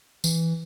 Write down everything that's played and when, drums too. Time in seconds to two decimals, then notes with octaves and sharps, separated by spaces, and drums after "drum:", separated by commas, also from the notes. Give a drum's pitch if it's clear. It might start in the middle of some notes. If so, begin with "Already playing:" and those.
0.24 E3, drum: tambourine